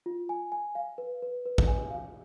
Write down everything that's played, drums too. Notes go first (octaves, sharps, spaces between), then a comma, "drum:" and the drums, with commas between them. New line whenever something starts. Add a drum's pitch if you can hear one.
F4
G#5
G#5
F5
B4
B4
B4
drum: kick
G#5
F5